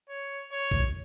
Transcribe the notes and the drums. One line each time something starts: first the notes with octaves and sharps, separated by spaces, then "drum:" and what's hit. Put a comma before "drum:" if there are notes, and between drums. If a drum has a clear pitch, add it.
C#5
C#5
drum: kick